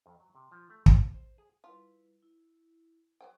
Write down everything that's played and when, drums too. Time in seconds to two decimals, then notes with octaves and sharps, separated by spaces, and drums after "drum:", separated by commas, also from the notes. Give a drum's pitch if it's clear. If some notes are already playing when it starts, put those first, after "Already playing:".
0.06 F2
0.20 F#3
0.35 C3
0.51 F3
0.70 A3
0.86 C4, drum: kick
1.14 C5
1.38 G#4
1.64 G3 E4 F4 B4
2.22 E4
3.21 F#3 C5 G5